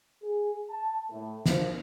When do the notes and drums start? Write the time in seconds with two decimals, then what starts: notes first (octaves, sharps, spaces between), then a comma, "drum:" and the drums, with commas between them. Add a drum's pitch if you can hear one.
0.23 G#4
0.70 A5
1.11 A2
1.46 F3, drum: snare